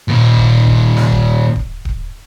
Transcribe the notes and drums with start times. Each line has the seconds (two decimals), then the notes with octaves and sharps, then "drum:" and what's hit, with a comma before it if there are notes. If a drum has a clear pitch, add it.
0.08 D#2 A#2
0.37 drum: kick D1
0.67 drum: kick D1
0.97 drum: snare
1.11 drum: kick D1
1.56 drum: kick D1
1.85 drum: kick D1